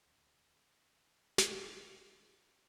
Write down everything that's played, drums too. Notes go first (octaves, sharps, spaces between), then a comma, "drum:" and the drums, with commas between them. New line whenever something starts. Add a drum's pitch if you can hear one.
D1 D2
drum: snare